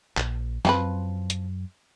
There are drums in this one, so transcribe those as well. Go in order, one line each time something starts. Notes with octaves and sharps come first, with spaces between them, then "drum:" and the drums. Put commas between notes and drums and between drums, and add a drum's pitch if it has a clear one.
A#1, drum: clap
F#2 F3 C4 B4, drum: snare
drum: hi-hat